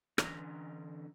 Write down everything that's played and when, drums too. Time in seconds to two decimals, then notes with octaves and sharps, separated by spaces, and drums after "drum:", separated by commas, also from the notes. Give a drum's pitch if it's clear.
0.18 D3 E3 C#4 D#5 A#5, drum: rim click